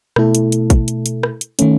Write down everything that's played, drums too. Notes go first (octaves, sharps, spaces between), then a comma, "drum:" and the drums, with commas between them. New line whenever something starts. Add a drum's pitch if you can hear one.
B2 A3 E4 A4, drum: rim click
drum: hi-hat
drum: hi-hat
drum: kick, hi-hat
drum: hi-hat
drum: hi-hat
drum: rim click
drum: hi-hat
D#3 A3 C#4, drum: hi-hat